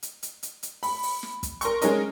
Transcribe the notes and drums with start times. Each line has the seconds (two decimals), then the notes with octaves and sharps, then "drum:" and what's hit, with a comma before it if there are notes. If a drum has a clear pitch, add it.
0.03 drum: hi-hat
0.23 drum: hi-hat
0.43 drum: hi-hat
0.63 drum: hi-hat
0.83 B5, drum: open hi-hat
1.03 drum: open hi-hat
1.23 drum: snare
1.43 drum: kick, hi-hat
1.61 A#4 C6 C#6, drum: hi-hat
1.82 G#3 C#4 D#4 A#4 D#5, drum: hi-hat